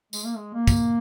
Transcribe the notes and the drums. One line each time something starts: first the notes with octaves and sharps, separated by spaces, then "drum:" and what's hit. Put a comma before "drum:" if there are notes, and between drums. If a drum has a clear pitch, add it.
G#3, drum: tambourine
A#3
G#3
A#3
drum: kick, tambourine